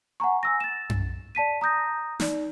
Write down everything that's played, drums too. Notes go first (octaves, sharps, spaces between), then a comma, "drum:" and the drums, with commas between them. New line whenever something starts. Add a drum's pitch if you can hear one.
F#5 G#5 A#5 C#6
G#5 E6 A#6
A6 E7
drum: tom F#2
D5 A5 B6 D#7
A#5 D#6 G6 A#6
D#4 D5, drum: snare